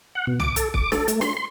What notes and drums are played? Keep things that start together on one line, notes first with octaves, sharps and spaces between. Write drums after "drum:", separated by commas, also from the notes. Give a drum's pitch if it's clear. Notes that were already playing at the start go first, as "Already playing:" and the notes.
F#5
B2
D6, drum: tom
A4, drum: hi-hat
D6, drum: kick
A4, drum: snare
A3, drum: hi-hat
C6, drum: snare
C6